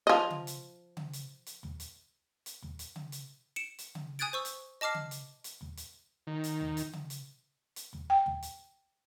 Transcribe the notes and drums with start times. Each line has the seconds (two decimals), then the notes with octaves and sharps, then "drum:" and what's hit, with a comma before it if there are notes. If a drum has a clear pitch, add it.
0.07 F3 D#5
0.30 drum: tom C#3
0.47 drum: hi-hat
0.97 drum: tom C#3
1.13 drum: hi-hat
1.46 drum: hi-hat
1.63 drum: tom
1.80 drum: hi-hat
2.46 drum: hi-hat
2.62 drum: tom
2.79 drum: hi-hat
2.96 drum: tom C#3
3.12 drum: hi-hat
3.56 C#7 D7 E7
3.78 drum: hi-hat
3.95 drum: tom C#3
4.19 G#5 D#6 F#6 G#6 A6 D7
4.33 C5 C#6 E6
4.45 drum: hi-hat
4.81 D#5 A5 D6 F6 C7
4.94 drum: tom C#3
5.11 drum: hi-hat
5.44 drum: hi-hat
5.61 drum: tom
5.77 drum: hi-hat
6.27 D#3
6.44 drum: hi-hat
6.60 drum: tom
6.77 drum: hi-hat
6.93 drum: tom C#3
7.10 drum: hi-hat
7.76 drum: hi-hat
7.93 drum: tom
8.10 G5
8.26 drum: tom
8.43 drum: hi-hat